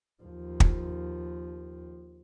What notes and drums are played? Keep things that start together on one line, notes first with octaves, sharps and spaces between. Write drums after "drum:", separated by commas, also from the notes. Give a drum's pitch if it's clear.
D#2 F3
drum: kick